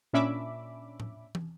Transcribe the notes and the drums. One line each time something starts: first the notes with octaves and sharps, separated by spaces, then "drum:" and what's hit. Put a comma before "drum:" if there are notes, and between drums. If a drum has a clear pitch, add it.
A#2 C#4 D4 E5 B5 D6
drum: tom A2
drum: tom